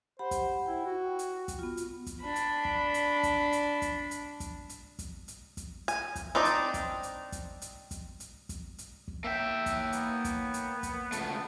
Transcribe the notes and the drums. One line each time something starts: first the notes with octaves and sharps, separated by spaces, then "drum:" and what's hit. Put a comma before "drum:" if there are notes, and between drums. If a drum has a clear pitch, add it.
G4 C5 F#5 B5
drum: kick, hi-hat
E4 G5
F#4
drum: hi-hat
drum: kick, hi-hat
B3 F4
drum: hi-hat
drum: kick, hi-hat
D4 B5
drum: hi-hat
drum: kick
drum: hi-hat
drum: kick, hi-hat
drum: hi-hat
drum: kick, hi-hat
drum: hi-hat
drum: kick, hi-hat
drum: hi-hat
drum: kick, hi-hat
drum: hi-hat
drum: kick, hi-hat
G#5, drum: hi-hat
drum: kick, hi-hat
C4 D4 D#4 D5
drum: hi-hat
drum: kick, hi-hat
drum: hi-hat
drum: kick, hi-hat
drum: hi-hat
drum: kick, hi-hat
drum: hi-hat
drum: kick, hi-hat
drum: hi-hat
drum: kick
A#3 E5 G5
drum: kick, hi-hat
B3, drum: hi-hat
drum: kick, hi-hat
drum: hi-hat
drum: kick, hi-hat
C#2 A3, drum: hi-hat